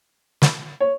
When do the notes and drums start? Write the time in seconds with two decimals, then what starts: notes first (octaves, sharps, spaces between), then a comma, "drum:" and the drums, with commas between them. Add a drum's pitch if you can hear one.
0.42 drum: snare
0.80 C#5